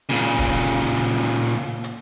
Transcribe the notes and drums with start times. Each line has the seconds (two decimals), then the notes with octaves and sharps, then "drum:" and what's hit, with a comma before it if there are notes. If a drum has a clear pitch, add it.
0.09 A#2 C#3, drum: hi-hat
0.38 drum: kick D1, hi-hat
0.97 drum: hi-hat
1.26 drum: hi-hat
1.55 drum: hi-hat
1.84 drum: hi-hat